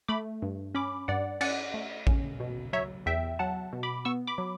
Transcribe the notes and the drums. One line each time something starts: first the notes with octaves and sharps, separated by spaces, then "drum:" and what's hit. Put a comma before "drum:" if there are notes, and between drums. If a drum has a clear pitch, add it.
A3 B5 D6
G2
C#4 B5 D6
G2 D5 F#5
C#4 D5 F#5, drum: cymbal
A3
C#4, drum: kick A1
B2
F#3 C#5 E5
E2 E5 G5
F#3 F#5 A5
B2
B5 D6
B3 C#6 E6
B5 D6
F#3